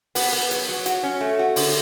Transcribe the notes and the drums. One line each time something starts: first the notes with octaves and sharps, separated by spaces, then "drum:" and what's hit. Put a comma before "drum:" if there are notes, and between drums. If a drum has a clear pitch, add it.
B3, drum: open hi-hat
B3
F#3, drum: hi-hat
F#3
F#4, drum: hi-hat
C#4
A3
F#4
D3, drum: open hi-hat